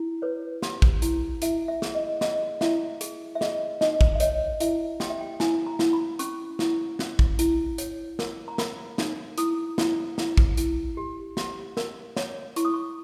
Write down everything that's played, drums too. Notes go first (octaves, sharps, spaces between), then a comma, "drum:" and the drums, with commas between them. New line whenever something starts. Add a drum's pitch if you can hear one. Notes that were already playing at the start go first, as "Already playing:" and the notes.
Already playing: E4
B4 C#5
G4, drum: snare
drum: kick
E4, drum: hi-hat
E4 E5, drum: hi-hat
E5
G#4, drum: snare
D#5
G#4 D#5, drum: snare
E4 E5, drum: snare
G#4, drum: hi-hat
E5
G#4 D#5, drum: snare
D#4 D#5, drum: snare
drum: kick
E5
C#5 D#5, drum: hi-hat
E4 E5, drum: hi-hat
G4 G5, drum: snare
E5
G5
E4 G#5, drum: snare
A#5
E4, drum: snare
B5
C#4 C#6, drum: hi-hat
E4, drum: snare
C#4, drum: snare
drum: kick
E4, drum: hi-hat
C#5, drum: hi-hat
A#4, drum: snare
A#5
A#4 B5, drum: snare
D#4, drum: snare
E4 D#6, drum: hi-hat
E4, drum: snare
E4, drum: snare
drum: kick
E4, drum: hi-hat
G4
G4, drum: snare
A#4, drum: snare
C#5, drum: snare
E4 C#6, drum: hi-hat
D#6
C#6